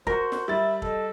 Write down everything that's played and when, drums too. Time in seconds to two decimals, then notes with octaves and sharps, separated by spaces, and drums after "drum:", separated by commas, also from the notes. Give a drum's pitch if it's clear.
0.07 F#4 A#4 C5, drum: kick
0.32 drum: snare
0.48 G3 E5 B5 A6
0.82 A4 D#5, drum: kick